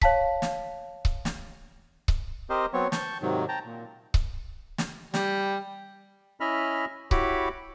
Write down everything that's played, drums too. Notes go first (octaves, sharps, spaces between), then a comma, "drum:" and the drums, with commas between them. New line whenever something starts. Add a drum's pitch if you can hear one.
C#5 F5 A5 B6, drum: kick C#1
drum: snare
drum: kick C#1
drum: snare
drum: kick C#1
C4 G4 A#4 C5 D#5
F#3 B3 C4 C#5
A5 C#6 G6, drum: snare
G#2 C3 D#3 F#3
G5 A5 A#5
A#2
drum: kick C#1
drum: snare
G3, drum: snare
C#4 E4 D#5 E5 B5 F6
E4 F#4 G4 C#5 B5 D6, drum: kick C#1